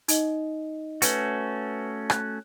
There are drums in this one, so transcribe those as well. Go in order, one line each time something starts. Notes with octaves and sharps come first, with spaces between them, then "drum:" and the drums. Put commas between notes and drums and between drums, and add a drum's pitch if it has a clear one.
D#4 D#5, drum: hi-hat
A3 C#4 F#4 B4, drum: hi-hat
F#6, drum: rim click